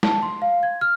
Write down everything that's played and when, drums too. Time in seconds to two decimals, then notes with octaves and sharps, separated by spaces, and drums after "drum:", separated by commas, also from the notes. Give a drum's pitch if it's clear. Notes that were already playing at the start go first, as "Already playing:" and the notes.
0.03 A5, drum: snare
0.22 C6
0.42 F5
0.63 G#6
0.81 F6